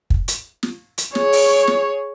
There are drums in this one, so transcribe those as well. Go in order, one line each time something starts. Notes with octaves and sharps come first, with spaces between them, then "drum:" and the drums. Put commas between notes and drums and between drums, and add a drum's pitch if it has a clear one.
drum: kick
drum: hi-hat
drum: snare
drum: hi-hat
G#4 C#5, drum: snare
drum: open hi-hat
drum: snare